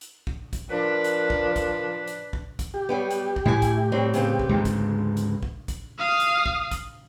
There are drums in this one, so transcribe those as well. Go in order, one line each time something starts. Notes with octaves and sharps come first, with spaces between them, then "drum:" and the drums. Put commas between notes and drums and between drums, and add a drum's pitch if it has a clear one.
drum: hi-hat
drum: kick
drum: kick, hi-hat
F3 D4 A#4 B4
drum: hi-hat
drum: kick
drum: kick, hi-hat
drum: hi-hat
drum: kick
drum: kick, hi-hat
G4
F#3 G3 B3
drum: hi-hat
drum: kick
A2 A3 E4 G#5
drum: kick, hi-hat
F#3 G3 C4
C#3 B3 C4, drum: hi-hat
drum: kick
D2 G#2
drum: kick, hi-hat
drum: hi-hat
drum: kick
drum: kick, hi-hat
F5 D#6
drum: hi-hat
drum: kick
drum: kick, hi-hat